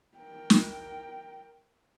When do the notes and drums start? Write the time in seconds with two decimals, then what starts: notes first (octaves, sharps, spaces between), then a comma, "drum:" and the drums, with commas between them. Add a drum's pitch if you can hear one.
0.18 A#4 G5
0.50 drum: snare